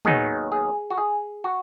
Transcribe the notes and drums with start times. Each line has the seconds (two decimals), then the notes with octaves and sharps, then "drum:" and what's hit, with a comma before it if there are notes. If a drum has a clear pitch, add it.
0.05 D#2 D#3 F#3 B3 D#4 G#4, drum: tom
0.52 G#4
0.90 F#4
0.98 G#4
1.44 F#4